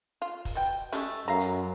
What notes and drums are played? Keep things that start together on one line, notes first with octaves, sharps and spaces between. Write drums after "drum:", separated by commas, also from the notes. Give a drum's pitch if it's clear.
F4
drum: kick, open hi-hat
B2 G5
G#3 A3 C#4 G4 D#5, drum: hi-hat
F#2 A3 F5 A#5
drum: hi-hat